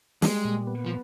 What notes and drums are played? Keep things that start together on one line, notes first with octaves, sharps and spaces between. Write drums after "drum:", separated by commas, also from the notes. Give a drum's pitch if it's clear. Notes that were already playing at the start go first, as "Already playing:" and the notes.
G3 G#3, drum: snare
A#2
B3
F3